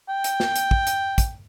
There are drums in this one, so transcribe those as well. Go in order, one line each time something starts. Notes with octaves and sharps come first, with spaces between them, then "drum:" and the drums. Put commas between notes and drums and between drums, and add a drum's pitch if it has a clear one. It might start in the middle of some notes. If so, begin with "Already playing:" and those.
G5
drum: hi-hat
drum: snare
drum: hi-hat
drum: kick
drum: hi-hat
drum: kick, hi-hat